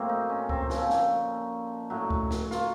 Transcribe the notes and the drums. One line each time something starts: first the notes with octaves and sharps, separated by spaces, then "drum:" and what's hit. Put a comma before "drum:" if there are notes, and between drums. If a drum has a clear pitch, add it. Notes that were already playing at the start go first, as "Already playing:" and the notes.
Already playing: A2 F#3 A#3 C4
D#4
C#4
C4, drum: kick C#2
A#2 F3 C#4, drum: snare
drum: snare
A2 F#3
drum: kick C#2
drum: snare
F4, drum: snare